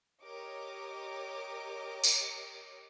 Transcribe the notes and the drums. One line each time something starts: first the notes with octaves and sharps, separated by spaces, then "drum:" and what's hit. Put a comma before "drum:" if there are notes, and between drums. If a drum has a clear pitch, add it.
G4 A#4 C#5 D#5 D6
drum: tambourine